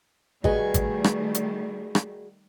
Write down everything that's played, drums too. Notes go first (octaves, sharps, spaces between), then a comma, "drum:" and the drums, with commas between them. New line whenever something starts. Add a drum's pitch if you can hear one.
D#3 G3 A3 F#4 G#4 B4 D#5 G#5, drum: kick
drum: kick, hi-hat
drum: rim click
drum: hi-hat
drum: rim click